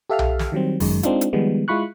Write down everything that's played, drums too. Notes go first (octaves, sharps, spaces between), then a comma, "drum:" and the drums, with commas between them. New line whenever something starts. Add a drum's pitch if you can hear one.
G4 A4 E5 F5 A5 F6
drum: tom B1
drum: snare
D#3 F#3 G3 C4
F#2 D#3 G#3, drum: kick, open hi-hat
G#3 C4 D4 D#4 F4, drum: hi-hat
drum: hi-hat
D#3 F3 G3 G#3 B3
G#3 E4 F4 B5 C#6 F#6